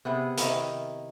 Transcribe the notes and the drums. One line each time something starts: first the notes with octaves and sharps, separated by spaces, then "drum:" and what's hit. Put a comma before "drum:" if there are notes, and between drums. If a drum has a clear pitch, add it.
C3 B3 G#4
D#3 D#4 E4 A#4, drum: hi-hat